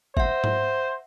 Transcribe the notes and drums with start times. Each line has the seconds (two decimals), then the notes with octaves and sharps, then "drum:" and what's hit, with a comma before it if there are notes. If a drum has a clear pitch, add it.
0.17 C5 E5 F#5, drum: kick
0.44 drum: tom G#2